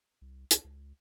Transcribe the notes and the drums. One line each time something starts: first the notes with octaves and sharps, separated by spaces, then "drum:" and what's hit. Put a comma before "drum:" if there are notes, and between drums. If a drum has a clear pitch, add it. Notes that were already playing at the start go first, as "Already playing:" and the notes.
C2
C#2, drum: hi-hat
C#2